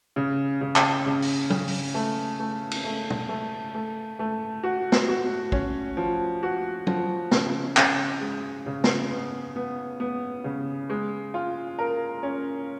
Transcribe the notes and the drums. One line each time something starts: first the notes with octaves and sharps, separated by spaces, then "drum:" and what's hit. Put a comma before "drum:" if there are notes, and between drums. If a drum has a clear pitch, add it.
C#3
C#3
drum: clap
C#3
drum: open hi-hat
C#3, drum: tom
drum: open hi-hat
A3
A3
drum: cymbal
A3
drum: tom
A3
A3
A3
F#4
drum: snare
F#4
C#4, drum: kick
F3
F#4
F3, drum: tom
C#3, drum: snare
C#3, drum: clap
G#3
C#3
drum: snare
B3
B3
B3
C#3
G#3
F4
A#4
C#4